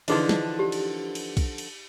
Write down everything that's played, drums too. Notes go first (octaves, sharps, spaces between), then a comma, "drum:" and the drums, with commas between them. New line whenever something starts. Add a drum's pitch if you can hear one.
D3 E3 F3 D4 D#4 G#4 B4 D#5, drum: cymbal
drum: snare
G4
drum: cymbal
drum: cymbal
drum: kick, cymbal
drum: cymbal